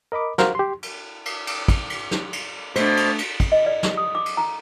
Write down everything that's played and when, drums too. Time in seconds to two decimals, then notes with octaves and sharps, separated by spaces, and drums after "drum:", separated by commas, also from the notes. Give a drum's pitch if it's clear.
0.12 A#4 D#5 B5 D6
0.38 F#4 A#4 C5 F5, drum: snare
0.55 G4 C6
0.83 drum: cymbal
1.26 drum: cymbal
1.47 drum: cymbal
1.68 drum: kick, cymbal
1.90 drum: cymbal
2.11 drum: snare
2.33 drum: cymbal
2.76 B2 A3 D4 C5, drum: cymbal
2.97 drum: cymbal
3.18 drum: cymbal
3.40 drum: kick, cymbal
3.52 D#5
3.66 D5
3.83 drum: snare
3.97 D#6
4.15 D6
4.26 drum: cymbal
4.37 A#5